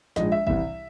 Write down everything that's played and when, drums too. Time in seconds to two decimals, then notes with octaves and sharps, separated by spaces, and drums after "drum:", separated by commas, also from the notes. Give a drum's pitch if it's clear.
0.16 A#1 G#2 F3 G#3 D#5, drum: snare
0.32 E5
0.47 C2 C3 E3 G3 E5, drum: kick